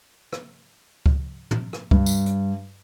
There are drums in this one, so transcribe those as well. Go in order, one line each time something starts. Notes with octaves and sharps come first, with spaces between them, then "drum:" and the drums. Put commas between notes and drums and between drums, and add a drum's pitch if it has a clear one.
drum: rim click
drum: kick C#2
drum: tom
drum: rim click
G2, drum: kick C#2
drum: tambourine
drum: hi-hat